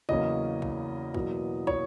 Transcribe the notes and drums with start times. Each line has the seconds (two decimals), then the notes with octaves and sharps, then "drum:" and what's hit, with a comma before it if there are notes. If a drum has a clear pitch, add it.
0.09 E2 C#3 F#3 A#3 C#4 D#5, drum: kick
0.62 drum: kick
1.14 E2 B2 F#3 A#3, drum: kick
1.67 C#5, drum: kick